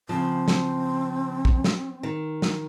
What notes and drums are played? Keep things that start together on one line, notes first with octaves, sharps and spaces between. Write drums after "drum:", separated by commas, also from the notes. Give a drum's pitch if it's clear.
C#3 F3 C4
drum: snare
drum: kick
drum: snare
D#3
drum: snare